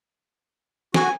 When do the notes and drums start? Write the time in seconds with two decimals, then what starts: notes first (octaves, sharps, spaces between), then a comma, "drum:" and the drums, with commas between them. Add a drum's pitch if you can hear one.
0.94 F#4 G#5, drum: snare